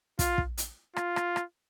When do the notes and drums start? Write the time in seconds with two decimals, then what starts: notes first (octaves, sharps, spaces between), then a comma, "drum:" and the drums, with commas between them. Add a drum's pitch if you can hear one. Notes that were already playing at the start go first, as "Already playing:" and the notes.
0.19 F4, drum: kick, hi-hat
0.38 drum: kick
0.58 drum: hi-hat
0.96 F4, drum: rim click
1.16 drum: rim click
1.36 drum: rim click